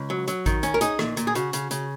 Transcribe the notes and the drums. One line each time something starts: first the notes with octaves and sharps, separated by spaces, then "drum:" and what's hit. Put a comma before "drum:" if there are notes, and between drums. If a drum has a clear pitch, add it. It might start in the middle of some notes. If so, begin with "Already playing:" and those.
Already playing: C#2
F#3
F#3, drum: hi-hat
D#3, drum: kick A1, hi-hat
C#4, drum: hi-hat
A#4
D#4 G#4, drum: hi-hat
A#2, drum: rim click
A#2, drum: hi-hat
G#4
C#3 F#4, drum: hi-hat
C#3, drum: hi-hat
C#3, drum: hi-hat